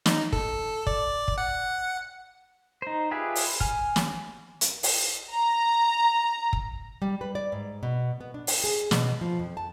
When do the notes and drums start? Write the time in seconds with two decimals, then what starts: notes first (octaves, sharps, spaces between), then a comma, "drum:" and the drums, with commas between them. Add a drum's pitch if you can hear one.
0.06 D#4, drum: snare
0.33 A4, drum: kick
0.87 D5, drum: kick
1.28 drum: kick
1.38 F#5
2.82 D#4 C5
3.11 F4 G4 G#4 B4 E5
3.35 drum: open hi-hat
3.60 G#5 F6, drum: kick
3.96 drum: snare
4.61 drum: hi-hat
4.83 drum: open hi-hat
5.33 A#5
6.53 drum: kick
7.02 G3
7.21 B4
7.35 D5
7.52 G#2
7.83 B2
8.20 B3
8.34 D4
8.47 drum: open hi-hat
8.64 G#4
8.91 B2, drum: snare
9.21 F3
9.39 F2
9.57 A5